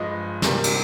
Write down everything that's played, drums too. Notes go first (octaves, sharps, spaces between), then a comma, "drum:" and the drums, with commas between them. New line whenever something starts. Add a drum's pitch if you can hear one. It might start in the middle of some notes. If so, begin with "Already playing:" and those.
Already playing: G2 F3 G#3 D#5
C3 G3 A#3, drum: snare
drum: cymbal